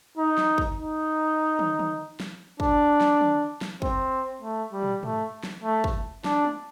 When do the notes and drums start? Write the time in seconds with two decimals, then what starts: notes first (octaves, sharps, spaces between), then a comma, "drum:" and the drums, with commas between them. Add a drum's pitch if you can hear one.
0.17 D#4
0.38 drum: snare
0.58 drum: kick
0.78 D#4
1.59 drum: tom
1.79 drum: tom
2.20 drum: snare
2.60 D4, drum: kick
3.01 drum: snare
3.21 drum: tom
3.61 drum: snare
3.82 C4, drum: kick
4.42 A3
4.73 G3
4.83 drum: tom
5.03 A3, drum: tom
5.44 drum: snare
5.64 A3
5.84 drum: kick
6.24 D4, drum: snare
6.45 drum: tom